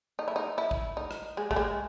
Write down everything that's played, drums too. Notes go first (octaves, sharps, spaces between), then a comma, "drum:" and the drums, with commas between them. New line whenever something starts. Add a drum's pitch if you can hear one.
D#4
E4
D#4
E4
drum: kick
D#4
drum: rim click
G#3
A3, drum: kick
G#3